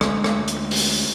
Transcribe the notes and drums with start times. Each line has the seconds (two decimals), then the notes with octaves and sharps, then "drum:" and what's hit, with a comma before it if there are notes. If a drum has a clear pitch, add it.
0.01 D2 G#3, drum: rim click
0.24 drum: rim click
0.48 drum: hi-hat
0.71 drum: open hi-hat